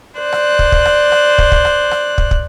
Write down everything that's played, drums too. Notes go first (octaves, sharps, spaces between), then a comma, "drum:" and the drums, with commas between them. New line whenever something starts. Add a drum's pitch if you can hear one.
C5 D5 F#6
drum: rim click
drum: kick
drum: kick
drum: rim click
drum: rim click
drum: kick
drum: kick
drum: rim click
drum: rim click
drum: kick
drum: kick